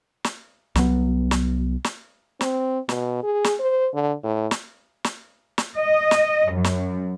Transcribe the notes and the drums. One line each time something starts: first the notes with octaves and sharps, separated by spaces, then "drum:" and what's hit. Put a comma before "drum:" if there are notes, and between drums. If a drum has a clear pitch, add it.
drum: snare
C2 F#3 B3, drum: snare
drum: snare
drum: snare
C4, drum: snare
B2, drum: snare
G#4
drum: snare
C5
D3
A2
drum: snare
drum: snare
drum: snare
D#5
drum: snare
F#2
drum: snare